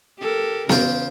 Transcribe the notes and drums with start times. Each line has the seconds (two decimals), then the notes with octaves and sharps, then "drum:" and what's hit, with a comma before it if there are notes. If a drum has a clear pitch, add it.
0.19 G4 A4 A#4
0.69 E2 C#3 F4 C5, drum: snare B3